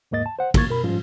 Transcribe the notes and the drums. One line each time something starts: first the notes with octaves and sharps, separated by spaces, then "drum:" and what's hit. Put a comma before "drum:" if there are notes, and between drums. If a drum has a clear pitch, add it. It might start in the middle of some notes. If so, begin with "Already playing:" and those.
D#2 G#2 A#3 D#5 A6
A5
C5 F#5
D2 E3 A#3 C#6 G#6 A6, drum: kick, cymbal
B2 A#4 B5
G#2 F3 G3 C#4 F4